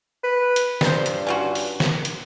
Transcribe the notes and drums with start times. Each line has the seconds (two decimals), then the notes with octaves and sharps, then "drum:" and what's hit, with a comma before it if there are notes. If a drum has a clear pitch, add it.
0.23 B4
0.56 drum: hi-hat
0.81 G2 D4 C5, drum: snare
1.06 drum: hi-hat
1.27 C#4 F4 F#4
1.55 drum: open hi-hat
1.80 drum: snare
2.05 drum: hi-hat